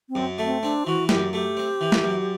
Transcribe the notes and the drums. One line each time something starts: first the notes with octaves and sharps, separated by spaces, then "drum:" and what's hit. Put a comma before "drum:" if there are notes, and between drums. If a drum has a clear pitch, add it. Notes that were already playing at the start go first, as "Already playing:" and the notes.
C4
F#2
A3
C4
C4 D4
E3 F#4
F#2 G4, drum: snare
A3 G4
C4
E3
drum: snare
F#2